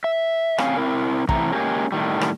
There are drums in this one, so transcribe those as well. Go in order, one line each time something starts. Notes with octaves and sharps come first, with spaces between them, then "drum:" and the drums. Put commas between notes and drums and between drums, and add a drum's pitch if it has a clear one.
E5
A2 C4 C#4 F5 G#5, drum: rim click
C4 E4 A#4
A2 C3 E3 A#5, drum: kick
G#3 A#3 C#4 G4 G#4 A#4
A2 D#3 G3
drum: rim click